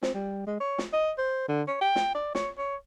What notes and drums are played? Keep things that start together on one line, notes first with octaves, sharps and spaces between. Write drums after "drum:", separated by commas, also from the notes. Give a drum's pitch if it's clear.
C4, drum: snare
G3
G#3
C#5
drum: snare
D#5
C5
D3
C#5
G5
drum: snare
D5
C#5, drum: snare
C#5